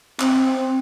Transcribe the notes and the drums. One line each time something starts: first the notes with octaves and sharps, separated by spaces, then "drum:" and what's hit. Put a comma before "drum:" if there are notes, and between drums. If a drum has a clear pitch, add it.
C4, drum: clap